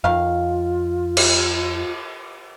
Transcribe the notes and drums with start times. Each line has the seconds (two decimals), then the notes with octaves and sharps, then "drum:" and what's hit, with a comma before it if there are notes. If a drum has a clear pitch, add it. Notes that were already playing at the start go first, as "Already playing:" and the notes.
0.04 F2 D#3 F4 F5
1.17 drum: cymbal